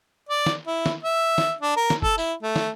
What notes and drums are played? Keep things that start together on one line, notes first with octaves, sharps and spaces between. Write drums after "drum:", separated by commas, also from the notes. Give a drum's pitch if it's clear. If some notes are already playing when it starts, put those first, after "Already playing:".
D5
drum: snare
E4
drum: snare
E5
drum: snare
D4
A#4
drum: snare
A4, drum: kick
E4, drum: tambourine
A3
drum: snare